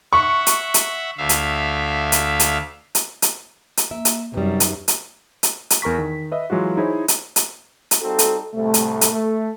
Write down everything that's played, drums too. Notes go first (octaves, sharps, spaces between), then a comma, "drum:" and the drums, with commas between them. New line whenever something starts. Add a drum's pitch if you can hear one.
E5 F#5 C#6
drum: hi-hat
drum: hi-hat
D2 E5 F5
drum: hi-hat
drum: hi-hat
drum: hi-hat
drum: hi-hat
drum: hi-hat
drum: hi-hat
A#3 E5
drum: hi-hat
F#2 C3 G3 D#4 G4 B4
drum: hi-hat
drum: hi-hat
drum: hi-hat
drum: hi-hat
E2 A#4 A#5 C#6 B6
D#3
B4 D#5 E5
E3 F#3 G#3 F4 F#4
D#4 E4 G#4 C5 C#5
drum: hi-hat
drum: hi-hat
drum: hi-hat
G3 C4 D#4 F4 F#4 A4
drum: hi-hat
C2 A2 C3 A3
drum: hi-hat
drum: hi-hat
A3